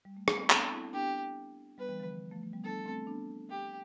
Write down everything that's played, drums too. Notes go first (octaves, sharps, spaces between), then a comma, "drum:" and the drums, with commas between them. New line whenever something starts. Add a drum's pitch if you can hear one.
G3
A3
B3, drum: rim click
C4
B3 D4 A4, drum: clap
C4 E4
B3 D4 G4
G3 B3 B4
E3 G3
D3 F3
F3 A3
F3 A3
G3 B3
B3 D4 A4
A3 C4
B3 D4
G4